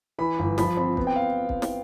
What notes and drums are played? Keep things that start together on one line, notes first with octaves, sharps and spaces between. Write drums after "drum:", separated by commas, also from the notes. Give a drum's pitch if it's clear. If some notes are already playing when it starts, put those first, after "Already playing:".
E3 B5
G1
F3 B5, drum: snare
C4 B5
B3, drum: kick
G5
F5
drum: kick
drum: snare